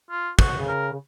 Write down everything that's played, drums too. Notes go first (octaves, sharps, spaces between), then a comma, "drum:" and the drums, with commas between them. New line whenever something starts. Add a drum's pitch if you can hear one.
F4
F#4, drum: kick
C#3
A#4
C#3